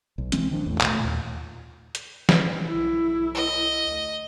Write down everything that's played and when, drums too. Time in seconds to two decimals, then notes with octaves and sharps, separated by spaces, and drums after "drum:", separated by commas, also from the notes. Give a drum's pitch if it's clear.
0.18 B1
0.32 E3 G#3 C4 C#4, drum: hi-hat
0.51 D#3 F3 D4
0.66 A1 E2 A2
0.81 B2 A3, drum: clap
1.00 D#2 A#2
1.95 drum: hi-hat
2.29 drum: snare
2.67 B1 E4
3.34 D#5
3.85 D2